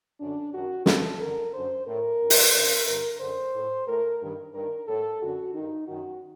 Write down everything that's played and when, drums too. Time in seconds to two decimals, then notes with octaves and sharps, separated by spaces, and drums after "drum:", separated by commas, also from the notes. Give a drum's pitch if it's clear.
0.20 F#2 D3 D4
0.52 F#2 D#3 F#4
0.86 G2 D3 A4, drum: snare
1.20 F#2 D3 A#4
1.53 F#2 D3 C5
1.86 A2 A#4
2.21 F#2 D#3
2.30 drum: open hi-hat
2.54 F#2 D3
2.87 G2 D3 A#4
3.20 F#2 D3 C5
3.54 A2
3.87 A2 A#4
4.21 G2 D#3
4.53 G2 D#3 A#4
4.87 A2 A4
5.22 F#2 D3 F#4
5.54 G2 D#3 D#4
5.87 F#2 D#3 F#4